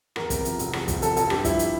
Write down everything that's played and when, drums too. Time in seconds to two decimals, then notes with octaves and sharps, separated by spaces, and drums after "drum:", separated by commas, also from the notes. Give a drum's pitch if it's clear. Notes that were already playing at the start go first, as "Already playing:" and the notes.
0.16 E2 A#4, drum: rim click
0.30 C3 A#4, drum: kick, hi-hat
0.45 F3, drum: hi-hat
0.59 F1, drum: hi-hat
0.73 E2, drum: rim click
0.88 C3, drum: kick, hi-hat
1.02 F3 A4, drum: hi-hat
1.16 F1 A4, drum: hi-hat
1.30 G2 G4, drum: rim click
1.45 F3 E4, drum: kick, hi-hat
1.59 drum: hi-hat